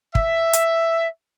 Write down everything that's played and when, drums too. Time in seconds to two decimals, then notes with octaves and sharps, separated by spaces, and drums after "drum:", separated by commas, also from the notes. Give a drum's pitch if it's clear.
0.15 E5, drum: kick
0.53 drum: hi-hat